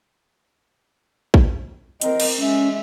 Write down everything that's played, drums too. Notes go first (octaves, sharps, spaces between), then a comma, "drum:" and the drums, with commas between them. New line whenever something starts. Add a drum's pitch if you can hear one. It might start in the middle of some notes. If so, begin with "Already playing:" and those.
drum: kick
C4 A#4 D#5, drum: hi-hat
drum: cymbal
G#3 C#4 E5